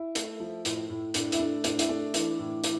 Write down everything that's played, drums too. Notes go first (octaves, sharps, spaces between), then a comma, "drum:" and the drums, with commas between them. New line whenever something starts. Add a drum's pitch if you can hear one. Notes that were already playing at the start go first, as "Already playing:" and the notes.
Already playing: E4
A3, drum: hi-hat
F3
A2, drum: hi-hat
A2
A2 D4, drum: hi-hat
E4, drum: hi-hat
A3 D4
A2 D4, drum: hi-hat
E4, drum: hi-hat
A3 D4
E3, drum: hi-hat
A2
E3, drum: hi-hat